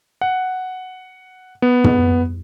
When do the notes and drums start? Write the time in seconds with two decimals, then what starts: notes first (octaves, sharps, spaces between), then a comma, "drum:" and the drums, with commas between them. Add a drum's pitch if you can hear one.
0.21 F#5
1.62 B3
1.84 drum: tom